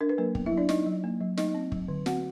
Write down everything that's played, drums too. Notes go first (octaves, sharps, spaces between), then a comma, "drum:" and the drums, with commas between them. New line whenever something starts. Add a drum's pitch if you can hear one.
D4 A#4
B4
F#3 A#3 A#4
B3, drum: kick
E4 E5
F#3
D4 D5
D#4 D#5, drum: snare
F#3
A#3
F#3
A3 D#4 D#5, drum: snare
C4
F#3, drum: kick
D3
C4 F#4 F#5, drum: snare